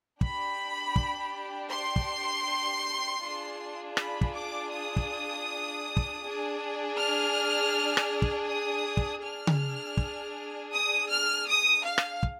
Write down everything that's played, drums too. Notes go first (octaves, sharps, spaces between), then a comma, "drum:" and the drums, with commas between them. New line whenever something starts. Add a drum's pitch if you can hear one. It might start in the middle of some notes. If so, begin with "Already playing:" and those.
D4 G4 B5, drum: kick
drum: kick
C6
drum: kick
D4 F4 G#4
B5, drum: rim click
drum: kick
D6
D#6
drum: kick
drum: kick
D4 G#4
F6
drum: rim click
drum: kick
D#6
drum: kick
D4 G#4 F6
drum: tom C#3
drum: kick
D#6
F6
D#6
F5
drum: rim click
drum: kick